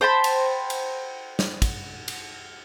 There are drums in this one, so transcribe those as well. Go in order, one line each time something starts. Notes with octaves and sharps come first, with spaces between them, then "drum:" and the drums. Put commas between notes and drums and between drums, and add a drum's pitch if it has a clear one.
C5 G5 A5 B5
drum: cymbal
drum: cymbal
drum: snare
drum: kick, cymbal
drum: cymbal